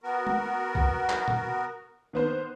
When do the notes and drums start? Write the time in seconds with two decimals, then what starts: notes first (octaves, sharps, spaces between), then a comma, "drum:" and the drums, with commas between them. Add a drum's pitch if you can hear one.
0.03 B3 F#4 A#4
0.27 drum: tom
0.75 drum: kick C2
1.10 drum: clap
1.28 drum: tom A#2
2.13 D#3 B3 C5